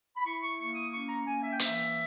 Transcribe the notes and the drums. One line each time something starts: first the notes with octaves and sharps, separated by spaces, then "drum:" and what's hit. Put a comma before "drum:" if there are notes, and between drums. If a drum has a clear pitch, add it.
B5
E4 C#6
C#6
A#3 C#6
D#6
C#4 C#6
A#5
A#3 G#5
E5
G5
E3 E5, drum: hi-hat